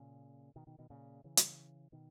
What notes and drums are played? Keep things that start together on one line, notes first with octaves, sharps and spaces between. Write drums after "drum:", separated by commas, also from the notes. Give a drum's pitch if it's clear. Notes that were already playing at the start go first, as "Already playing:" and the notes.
Already playing: A#2 C#3
B2 D#3
B2 D#3
B2 D#3
A#2 C#3
C#3 E3
drum: hi-hat
B2 D#3